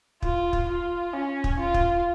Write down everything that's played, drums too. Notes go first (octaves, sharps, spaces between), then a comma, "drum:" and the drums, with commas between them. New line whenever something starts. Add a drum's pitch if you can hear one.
F4, drum: kick
drum: kick
F4
C#4
drum: kick
F4
drum: kick